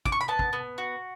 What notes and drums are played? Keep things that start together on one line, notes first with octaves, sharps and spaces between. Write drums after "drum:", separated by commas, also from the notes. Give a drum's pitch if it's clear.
D6, drum: kick
C#6
B5
B3 A5
drum: kick
B3
F#4